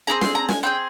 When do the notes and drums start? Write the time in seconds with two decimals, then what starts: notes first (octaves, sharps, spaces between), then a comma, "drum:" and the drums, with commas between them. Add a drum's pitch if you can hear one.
0.07 C4 D#4 G#4 A#5
0.21 C6, drum: snare
0.35 A#5
0.49 G#5, drum: snare
0.63 C4 D#4 G#4 G5